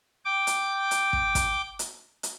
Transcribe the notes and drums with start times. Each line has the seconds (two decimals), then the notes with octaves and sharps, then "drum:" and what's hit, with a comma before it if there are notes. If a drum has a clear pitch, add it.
0.25 G5 D6
0.47 drum: hi-hat
0.91 drum: hi-hat
1.13 drum: kick
1.35 drum: kick, hi-hat
1.79 drum: hi-hat
2.23 drum: hi-hat